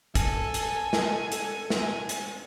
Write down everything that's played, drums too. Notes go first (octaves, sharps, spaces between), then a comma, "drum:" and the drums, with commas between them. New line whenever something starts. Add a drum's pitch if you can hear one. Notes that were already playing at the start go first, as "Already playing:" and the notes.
A4 G#5, drum: kick, hi-hat
drum: hi-hat
drum: snare
drum: hi-hat
drum: snare
drum: hi-hat